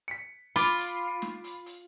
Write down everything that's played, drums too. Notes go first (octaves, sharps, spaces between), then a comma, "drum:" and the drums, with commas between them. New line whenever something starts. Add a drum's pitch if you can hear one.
B6 C#7
F4 B5 D6, drum: hi-hat
drum: hi-hat
drum: snare
drum: hi-hat
drum: hi-hat